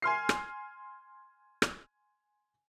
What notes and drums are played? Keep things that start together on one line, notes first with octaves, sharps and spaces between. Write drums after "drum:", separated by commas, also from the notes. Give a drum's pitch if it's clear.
G#5 C6 F6 C7
drum: rim click
drum: rim click